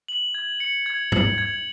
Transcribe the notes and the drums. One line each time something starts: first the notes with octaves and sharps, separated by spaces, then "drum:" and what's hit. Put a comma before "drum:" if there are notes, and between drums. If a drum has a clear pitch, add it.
F#7
G#6
C#7
G#6
F#7, drum: tom G#2
G#6